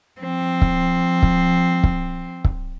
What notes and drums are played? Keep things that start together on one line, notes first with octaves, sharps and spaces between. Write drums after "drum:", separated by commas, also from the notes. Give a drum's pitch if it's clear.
F3 C4
drum: kick C#1
drum: kick C#1
drum: kick C#1
drum: kick C#1